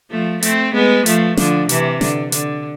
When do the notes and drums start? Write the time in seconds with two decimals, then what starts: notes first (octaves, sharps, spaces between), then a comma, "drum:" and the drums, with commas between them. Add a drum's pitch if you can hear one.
0.10 F3 A3
0.43 A3 C4, drum: hi-hat
0.74 G#3 B3
1.06 F3 A3, drum: hi-hat
1.37 D3 F3, drum: snare
1.69 C3 E3, drum: hi-hat
2.01 D3, drum: snare
2.32 D3, drum: hi-hat